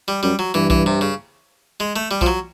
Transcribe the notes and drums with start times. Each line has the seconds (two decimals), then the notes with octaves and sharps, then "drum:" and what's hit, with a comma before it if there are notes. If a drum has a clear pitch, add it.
0.08 G3
0.23 F#2 G3
0.39 F#3
0.54 G2 E3
0.70 E3, drum: kick B1
0.86 C3
1.01 C#3
1.80 G#3
1.96 A3
2.11 G3
2.21 F3, drum: kick B1
2.26 F#3